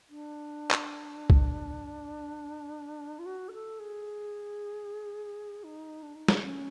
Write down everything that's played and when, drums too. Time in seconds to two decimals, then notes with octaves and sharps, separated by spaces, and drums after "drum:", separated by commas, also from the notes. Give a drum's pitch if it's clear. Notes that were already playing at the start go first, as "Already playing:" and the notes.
0.09 D4
0.71 drum: clap
1.30 drum: kick C2
3.19 F4
3.25 F#4
3.49 A#4
3.53 A4
3.79 G#4
5.64 D#4
6.03 D4
6.15 D#4
6.28 D4, drum: snare
6.43 C#4